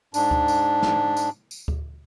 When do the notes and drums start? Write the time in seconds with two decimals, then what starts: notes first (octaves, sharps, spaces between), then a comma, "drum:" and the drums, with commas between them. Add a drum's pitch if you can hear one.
0.14 G#2 D4, drum: tambourine
0.31 drum: kick D2
0.48 drum: tambourine
0.82 drum: snare
1.17 drum: tambourine
1.51 drum: tambourine
1.68 drum: kick D2